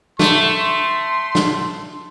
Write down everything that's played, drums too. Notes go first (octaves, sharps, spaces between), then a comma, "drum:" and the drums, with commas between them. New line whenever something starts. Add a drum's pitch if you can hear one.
A3 C6, drum: snare
drum: snare